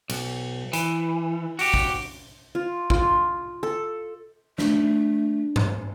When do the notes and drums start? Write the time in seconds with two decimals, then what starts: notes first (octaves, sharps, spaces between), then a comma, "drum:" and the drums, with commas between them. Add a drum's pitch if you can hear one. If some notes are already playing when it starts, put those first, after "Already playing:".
0.10 B1, drum: cymbal
0.73 E3, drum: hi-hat
1.59 F#4 G4, drum: open hi-hat
1.74 drum: kick
2.55 F4
2.90 F4, drum: kick
3.63 A4
4.58 A3 D4, drum: snare
5.56 drum: tom G2